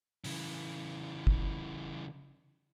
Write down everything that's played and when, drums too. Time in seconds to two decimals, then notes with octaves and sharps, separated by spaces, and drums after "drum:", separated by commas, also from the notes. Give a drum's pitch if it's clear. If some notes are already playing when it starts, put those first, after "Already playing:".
0.24 C#3 E3, drum: open hi-hat
1.27 drum: kick